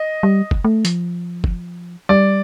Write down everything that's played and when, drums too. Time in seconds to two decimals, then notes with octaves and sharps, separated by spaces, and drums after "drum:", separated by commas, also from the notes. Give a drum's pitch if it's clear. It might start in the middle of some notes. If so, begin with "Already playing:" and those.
Already playing: D#5
0.23 G3
0.51 drum: kick
0.64 A3
0.85 F3, drum: hi-hat
1.44 drum: kick
2.09 G3 D5